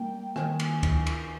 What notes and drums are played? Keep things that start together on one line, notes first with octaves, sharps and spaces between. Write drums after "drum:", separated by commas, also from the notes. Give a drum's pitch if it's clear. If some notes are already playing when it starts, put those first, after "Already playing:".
Already playing: G3 A#3 G5
D#3 G#5, drum: rim click
drum: cymbal
D#3, drum: kick D2, cymbal
drum: cymbal